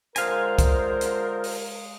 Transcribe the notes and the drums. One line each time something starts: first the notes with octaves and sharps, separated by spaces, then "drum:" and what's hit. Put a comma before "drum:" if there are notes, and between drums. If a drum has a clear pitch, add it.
D3 G#3 F4 A#4 C5 F5 G#5, drum: hi-hat
drum: kick C2, hi-hat
drum: hi-hat
drum: open hi-hat